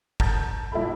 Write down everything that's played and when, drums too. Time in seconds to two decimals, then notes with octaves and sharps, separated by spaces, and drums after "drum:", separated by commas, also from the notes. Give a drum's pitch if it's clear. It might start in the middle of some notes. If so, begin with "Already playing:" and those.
0.20 A5 A#5 G6 A6, drum: kick
0.72 B1 E4 F4 A4 B5